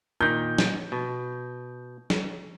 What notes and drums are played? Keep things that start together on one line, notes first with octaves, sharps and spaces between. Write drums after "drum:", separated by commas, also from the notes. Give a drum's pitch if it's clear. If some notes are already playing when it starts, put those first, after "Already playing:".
A#2 D#3 G6
drum: snare
B2
drum: snare